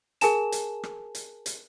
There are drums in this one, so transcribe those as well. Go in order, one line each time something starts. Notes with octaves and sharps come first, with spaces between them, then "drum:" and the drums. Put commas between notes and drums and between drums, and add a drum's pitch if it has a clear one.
G#4 A#4 G#5 A5 E7, drum: hi-hat
drum: hi-hat
drum: rim click
drum: hi-hat
drum: hi-hat